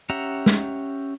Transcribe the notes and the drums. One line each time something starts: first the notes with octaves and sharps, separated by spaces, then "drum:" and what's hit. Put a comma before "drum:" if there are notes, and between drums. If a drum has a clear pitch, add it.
C#4 G4 E5 F#5 A#5
drum: snare